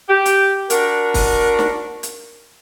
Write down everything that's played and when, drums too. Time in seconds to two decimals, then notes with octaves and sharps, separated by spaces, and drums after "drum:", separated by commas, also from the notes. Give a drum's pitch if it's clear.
0.08 G4
0.26 drum: hi-hat
0.70 D4 F#4 A#4, drum: hi-hat
1.14 drum: kick, open hi-hat
1.59 drum: snare
2.03 drum: hi-hat